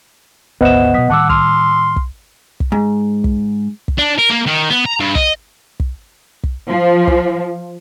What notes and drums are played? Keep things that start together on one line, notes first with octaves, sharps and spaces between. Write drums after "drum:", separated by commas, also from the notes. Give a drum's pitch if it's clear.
G#1 D2 B3 C5 D#5 E5 F#5 E7
B2 F#3 D#6 B6
A2 D#3 G3 F#5 A5 D6 E6
C6 F6, drum: kick
drum: kick
drum: kick
G#2
drum: kick
drum: kick
D4
A#4
A#3
D#3
B3
A#5
G2
D#5, drum: kick
drum: kick
drum: kick
F3
drum: kick